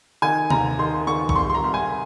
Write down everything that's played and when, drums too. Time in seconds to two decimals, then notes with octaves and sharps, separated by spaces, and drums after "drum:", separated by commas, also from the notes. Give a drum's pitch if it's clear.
0.22 D#3 G#5
0.50 D#2 A#5, drum: tom C3
0.79 D#3 C6
1.07 D#3 C#6
1.29 C#6, drum: kick
1.35 C2 C6
1.50 C6
1.54 A#5
1.64 C2
1.74 G#5